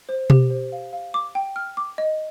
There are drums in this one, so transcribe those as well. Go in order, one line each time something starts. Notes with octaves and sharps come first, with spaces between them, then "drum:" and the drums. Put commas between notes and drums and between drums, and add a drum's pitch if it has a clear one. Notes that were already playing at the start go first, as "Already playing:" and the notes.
C5
G4, drum: tom B2
C5
F5
F5
D6
G5
F6
D6
D#5